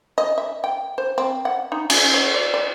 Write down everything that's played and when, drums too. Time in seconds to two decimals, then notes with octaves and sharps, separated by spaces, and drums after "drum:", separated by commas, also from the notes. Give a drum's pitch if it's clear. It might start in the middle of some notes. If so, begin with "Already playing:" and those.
0.18 D#5
0.38 E5
0.64 G5
0.98 C5
1.18 C4
1.45 F#5
1.72 D#4
1.90 C#4, drum: cymbal
2.14 C#5
2.34 D5
2.54 D5